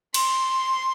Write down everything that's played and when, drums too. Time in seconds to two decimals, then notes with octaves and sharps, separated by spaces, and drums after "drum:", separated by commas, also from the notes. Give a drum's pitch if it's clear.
0.14 C6, drum: cymbal